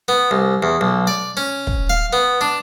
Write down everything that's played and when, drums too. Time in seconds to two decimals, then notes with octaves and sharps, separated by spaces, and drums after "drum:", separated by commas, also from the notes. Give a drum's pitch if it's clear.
0.08 B3
0.31 C2
0.63 E2
0.81 B1
1.07 D5
1.37 C#4
1.67 drum: kick
1.90 F5
2.13 B3
2.41 D4